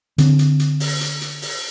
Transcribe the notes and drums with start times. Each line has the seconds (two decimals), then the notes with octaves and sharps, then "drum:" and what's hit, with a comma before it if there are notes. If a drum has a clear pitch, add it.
0.18 D3 C4, drum: hi-hat
0.39 drum: hi-hat
0.60 drum: hi-hat
0.80 drum: open hi-hat
1.01 drum: hi-hat
1.21 drum: hi-hat
1.42 drum: open hi-hat